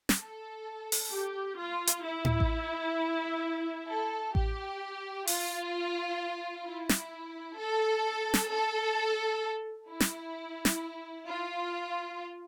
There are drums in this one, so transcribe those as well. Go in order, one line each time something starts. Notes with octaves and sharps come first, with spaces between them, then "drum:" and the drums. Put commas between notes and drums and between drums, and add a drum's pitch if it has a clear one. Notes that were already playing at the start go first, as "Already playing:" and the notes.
drum: snare
A4
drum: open hi-hat
G4
F4
drum: hi-hat
E4
drum: tom A2
drum: kick A1
A4
G4, drum: kick A1
F4, drum: open hi-hat
E4
drum: snare
A4
drum: snare
A4
E4
drum: snare
drum: snare
F4